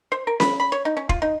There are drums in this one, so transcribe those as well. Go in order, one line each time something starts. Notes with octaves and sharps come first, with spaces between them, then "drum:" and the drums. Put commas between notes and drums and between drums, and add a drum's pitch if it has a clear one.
C5
A#4
B5, drum: snare C#4
B5
C#5
D#4
C#4
F4, drum: kick
D#4